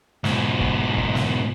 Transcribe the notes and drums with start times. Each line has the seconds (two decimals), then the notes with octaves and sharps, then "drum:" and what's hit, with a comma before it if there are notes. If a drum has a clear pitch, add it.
0.24 G#2 B2, drum: snare
0.60 drum: kick
0.97 drum: kick
1.15 drum: snare